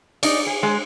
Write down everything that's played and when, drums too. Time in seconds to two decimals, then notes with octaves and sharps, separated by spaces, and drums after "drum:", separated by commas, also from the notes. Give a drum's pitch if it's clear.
0.23 D#4 D5, drum: cymbal
0.47 G#4
0.63 G#3